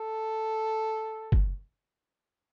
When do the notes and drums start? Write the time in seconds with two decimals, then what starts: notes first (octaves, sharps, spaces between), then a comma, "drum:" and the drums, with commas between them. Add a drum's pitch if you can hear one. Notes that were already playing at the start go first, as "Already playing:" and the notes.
Already playing: A4
1.32 drum: kick